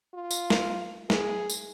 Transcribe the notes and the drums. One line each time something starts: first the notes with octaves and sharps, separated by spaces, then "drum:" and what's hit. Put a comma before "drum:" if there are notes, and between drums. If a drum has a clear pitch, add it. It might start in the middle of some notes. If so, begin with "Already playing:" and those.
F4
drum: tambourine
drum: snare
G#4, drum: snare
drum: tambourine